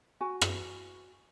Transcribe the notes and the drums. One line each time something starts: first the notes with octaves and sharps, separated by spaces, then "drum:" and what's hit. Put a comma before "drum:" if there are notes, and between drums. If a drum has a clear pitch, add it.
F#4 G#5
drum: rim click